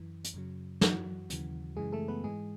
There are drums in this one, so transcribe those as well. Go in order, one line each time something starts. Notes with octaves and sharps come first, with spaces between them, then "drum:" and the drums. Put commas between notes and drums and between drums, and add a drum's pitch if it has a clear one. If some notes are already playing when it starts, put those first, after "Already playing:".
Already playing: F#2 E3
drum: hi-hat
F#2 C#3 F#3
F#2 E3 F#3 F#4, drum: snare
D#2 C#3 E3, drum: hi-hat
F#2 C#3 E3 G#3 G#4
A3 A4
B3 B4
G#2 E3 G#3 G#4